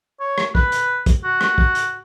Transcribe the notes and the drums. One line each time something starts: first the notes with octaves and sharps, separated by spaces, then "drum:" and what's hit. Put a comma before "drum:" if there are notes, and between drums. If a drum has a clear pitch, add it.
C#5
drum: rim click
B4, drum: kick
drum: hi-hat
drum: kick, hi-hat
F#4
drum: rim click
drum: kick
drum: hi-hat